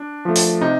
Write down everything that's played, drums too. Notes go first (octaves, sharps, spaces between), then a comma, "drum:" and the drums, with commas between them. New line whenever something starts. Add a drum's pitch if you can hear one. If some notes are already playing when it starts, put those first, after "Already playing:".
Already playing: D4
F3 A3
drum: open hi-hat
C3 D#4